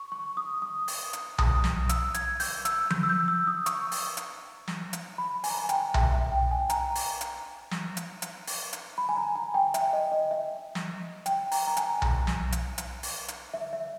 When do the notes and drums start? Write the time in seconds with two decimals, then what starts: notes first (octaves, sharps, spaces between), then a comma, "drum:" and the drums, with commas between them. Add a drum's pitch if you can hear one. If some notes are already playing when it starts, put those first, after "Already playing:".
Already playing: C#6
0.12 C#6
0.37 D#6
0.62 D#6
0.88 drum: open hi-hat
1.13 drum: hi-hat
1.38 D#6, drum: tom B1
1.64 drum: snare
1.89 E6, drum: hi-hat
2.14 G#6, drum: hi-hat
2.40 G6, drum: open hi-hat
2.65 E6, drum: hi-hat
2.90 G6, drum: tom F3
3.03 E6
3.10 G6
3.28 E6
3.47 D#6
3.66 C#6, drum: hi-hat
3.92 drum: open hi-hat
4.17 drum: hi-hat
4.68 drum: snare
4.93 drum: hi-hat
5.18 B5
5.44 G#5, drum: open hi-hat
5.50 A#5
5.58 G#5
5.69 G5, drum: hi-hat
5.94 E5, drum: tom B1
6.13 E5
6.32 G5
6.51 G#5
6.70 A#5, drum: hi-hat
6.95 drum: open hi-hat
7.21 drum: hi-hat
7.71 drum: snare
7.97 drum: hi-hat
8.22 drum: hi-hat
8.47 drum: open hi-hat
8.73 drum: hi-hat
8.98 B5
9.09 G#5
9.17 A#5
9.36 G#5
9.54 G5
9.74 E5, drum: hi-hat
9.93 D#5
10.12 D#5
10.31 E5
10.75 drum: snare
11.26 G5, drum: hi-hat
11.52 A#5, drum: open hi-hat
11.67 A#5
11.77 G#5, drum: hi-hat
12.02 drum: tom B1
12.27 drum: snare
12.52 drum: hi-hat
12.78 drum: hi-hat
13.03 drum: open hi-hat
13.28 drum: hi-hat
13.54 E5
13.73 E5